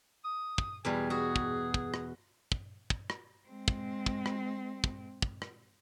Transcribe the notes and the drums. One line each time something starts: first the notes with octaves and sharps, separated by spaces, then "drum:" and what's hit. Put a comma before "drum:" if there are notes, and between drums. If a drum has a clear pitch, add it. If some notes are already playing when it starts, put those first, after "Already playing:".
D#6
drum: kick
E2 B2 G3 G#5
F#4 G#4
drum: kick
drum: kick
drum: rim click
drum: kick
drum: kick
drum: rim click
G#3 C4
drum: kick
drum: kick
drum: rim click
drum: kick
drum: kick
drum: rim click